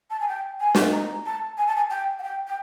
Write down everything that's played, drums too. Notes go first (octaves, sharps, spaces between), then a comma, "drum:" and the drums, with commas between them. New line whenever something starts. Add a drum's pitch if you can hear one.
A5
G#5
G5
G#5
drum: snare
A#5
A5
G#5
A5
G#5
G5
F#5
G5
G5